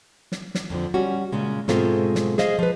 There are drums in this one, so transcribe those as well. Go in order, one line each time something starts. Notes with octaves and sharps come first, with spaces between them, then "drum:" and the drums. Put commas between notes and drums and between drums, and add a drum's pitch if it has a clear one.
drum: snare
drum: snare
F2 D3 F3
G3 C#4 F#4
A#2 C#3 G#3
G#2 B2 G#3 A3 C4 F4, drum: snare
drum: snare
G#4 C5 D#5 F5, drum: snare
F3 B4